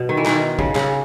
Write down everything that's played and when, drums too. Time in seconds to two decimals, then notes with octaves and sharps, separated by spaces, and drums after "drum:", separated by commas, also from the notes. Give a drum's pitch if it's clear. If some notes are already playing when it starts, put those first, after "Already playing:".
Already playing: B2
0.09 D#3
0.17 E3
0.26 D#3, drum: clap
0.59 C#3, drum: kick
0.75 C#3, drum: clap